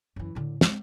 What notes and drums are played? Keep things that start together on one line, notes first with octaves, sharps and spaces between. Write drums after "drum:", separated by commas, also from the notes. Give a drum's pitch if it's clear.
F#2 E3
A2 D3
G#3 C4, drum: snare